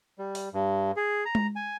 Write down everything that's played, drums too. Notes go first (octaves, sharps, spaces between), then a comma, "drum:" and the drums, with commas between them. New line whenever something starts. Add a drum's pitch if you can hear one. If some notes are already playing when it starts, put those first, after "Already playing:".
G3
drum: open hi-hat
G2
G#4
A#5
drum: tom G#3
G#5